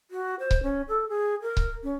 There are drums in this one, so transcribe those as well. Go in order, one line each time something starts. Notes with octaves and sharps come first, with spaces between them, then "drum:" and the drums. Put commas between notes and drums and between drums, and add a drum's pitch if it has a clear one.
F#4
C5
drum: kick C#1
C#4
A4
G#4
A#4
drum: kick C#1
C#4